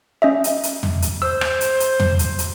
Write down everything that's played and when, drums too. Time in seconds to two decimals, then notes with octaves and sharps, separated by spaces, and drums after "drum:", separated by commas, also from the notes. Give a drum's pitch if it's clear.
0.22 C#4 D#5 E5
0.44 drum: hi-hat
0.63 drum: hi-hat
0.83 drum: tom
1.02 drum: hi-hat
1.22 C5 E6
1.41 drum: rim click
1.61 drum: hi-hat
1.80 drum: hi-hat
2.00 drum: tom
2.19 drum: hi-hat
2.39 drum: hi-hat